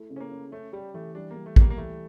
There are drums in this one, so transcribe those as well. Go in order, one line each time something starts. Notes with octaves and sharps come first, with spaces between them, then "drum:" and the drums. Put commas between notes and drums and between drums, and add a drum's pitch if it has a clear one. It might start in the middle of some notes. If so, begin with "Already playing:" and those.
Already playing: A3 E4
C#3
C#4
A#3
C#4
A3 C#4
G3 G4
E3 A3
G3 D4
G3 A#3
A3
G3 A#3, drum: kick A1
A#3
E3 A3